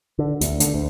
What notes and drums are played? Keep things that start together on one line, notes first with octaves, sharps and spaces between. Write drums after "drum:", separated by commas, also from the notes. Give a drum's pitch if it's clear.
D3
D2, drum: hi-hat
D3, drum: hi-hat
D2